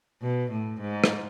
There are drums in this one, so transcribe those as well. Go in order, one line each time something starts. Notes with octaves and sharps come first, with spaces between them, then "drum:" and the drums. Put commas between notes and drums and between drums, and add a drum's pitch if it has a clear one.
B2
A2
G#2
drum: rim click